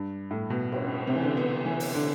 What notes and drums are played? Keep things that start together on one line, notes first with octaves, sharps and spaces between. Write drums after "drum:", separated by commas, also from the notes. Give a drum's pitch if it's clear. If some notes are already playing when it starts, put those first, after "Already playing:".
Already playing: G2
A2
B2
drum: cymbal
C3
E3
D3
B3
E3
drum: open hi-hat
D3